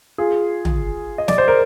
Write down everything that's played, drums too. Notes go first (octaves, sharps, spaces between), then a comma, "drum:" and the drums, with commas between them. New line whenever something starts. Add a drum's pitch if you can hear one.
F4 G#4
drum: tom
D#5
D5, drum: snare
C5
A#4